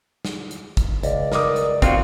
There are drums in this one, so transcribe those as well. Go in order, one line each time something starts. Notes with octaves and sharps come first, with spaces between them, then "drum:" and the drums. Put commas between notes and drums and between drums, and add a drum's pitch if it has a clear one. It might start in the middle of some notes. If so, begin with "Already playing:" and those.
drum: snare
drum: hi-hat
drum: kick, hi-hat
C#2 D5, drum: hi-hat
A#4 D6 D#6, drum: snare
drum: hi-hat
D#2 C4 F4 F#4 D5, drum: kick, hi-hat